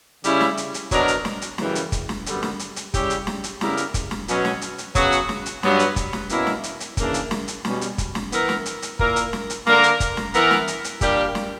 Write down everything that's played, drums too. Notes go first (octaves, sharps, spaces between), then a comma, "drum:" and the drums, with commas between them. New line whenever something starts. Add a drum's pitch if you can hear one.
C#3 G3 C#4 E4, drum: hi-hat
drum: snare
drum: hi-hat
drum: hi-hat
B2 F#3 B3 D4 A#4, drum: kick, hi-hat
drum: hi-hat
drum: snare
drum: hi-hat
F#2 C#3 E3 G3, drum: snare
drum: hi-hat
drum: kick, hi-hat
drum: snare
F#2 D3 G3 B3, drum: hi-hat
drum: snare
drum: hi-hat
drum: hi-hat
C#3 G3 C#4 E4 G4, drum: kick, hi-hat
drum: hi-hat
drum: snare
drum: hi-hat
C#3 G3 B3 E4 A#4, drum: snare
drum: hi-hat
drum: kick, hi-hat
drum: snare
B2 F#3 C#4, drum: hi-hat
drum: snare
drum: hi-hat
drum: hi-hat
C#3 F#3 B3 F#4, drum: kick, hi-hat
drum: hi-hat
drum: snare
drum: hi-hat
G2 F#3 B3, drum: snare
drum: hi-hat
drum: kick, hi-hat
drum: snare
B2 A#3 C#4 E4, drum: hi-hat
drum: snare
drum: hi-hat
drum: hi-hat
C#3 E3 A#3 D4, drum: kick, hi-hat
drum: hi-hat
drum: snare
drum: hi-hat
B2 G3 C#4, drum: snare
drum: hi-hat
drum: kick, hi-hat
drum: snare
E3 B3 E4 A#4, drum: hi-hat
drum: snare
drum: hi-hat
drum: hi-hat
A#2 A#3 E4 A#4, drum: kick
drum: hi-hat
drum: snare
drum: hi-hat
D3 A#3 D4 A#4, drum: snare
drum: hi-hat
drum: kick, hi-hat
drum: snare
E3 B3 E4 A#4, drum: hi-hat
drum: snare
drum: hi-hat
drum: hi-hat
A#2 G3 A#3 D4 G4, drum: kick, hi-hat
drum: snare